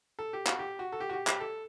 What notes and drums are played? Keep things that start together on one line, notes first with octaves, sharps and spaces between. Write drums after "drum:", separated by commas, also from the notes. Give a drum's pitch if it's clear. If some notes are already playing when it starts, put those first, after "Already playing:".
A4
G4
F#4, drum: clap
G4
F#4
A4
G4
F#4
G4
G4, drum: clap
A4